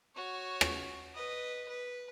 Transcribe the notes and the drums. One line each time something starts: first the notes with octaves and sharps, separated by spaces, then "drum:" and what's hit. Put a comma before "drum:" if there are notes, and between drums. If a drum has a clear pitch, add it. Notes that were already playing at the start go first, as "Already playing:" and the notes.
F#4 C#5
drum: rim click
B4 D#5
B4